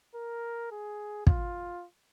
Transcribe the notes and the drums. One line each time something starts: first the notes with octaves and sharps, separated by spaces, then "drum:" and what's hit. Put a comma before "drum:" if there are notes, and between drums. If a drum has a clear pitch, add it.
A#4
G#4
F4, drum: kick